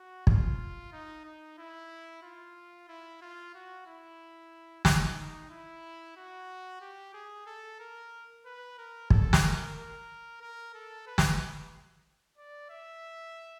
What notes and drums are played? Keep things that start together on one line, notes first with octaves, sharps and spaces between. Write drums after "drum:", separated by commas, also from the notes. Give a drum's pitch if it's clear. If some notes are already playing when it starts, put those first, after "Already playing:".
Already playing: F#4
F4, drum: kick
D#4
D#4
E4
F4
E4
F4
F#4
E4
D#4, drum: snare
E4
F#4
G4
G#4
A4
A#4
B4
A#4
A4, drum: kick
drum: snare
A#4
A#4
A#4
A4
B4
drum: snare
D5
E5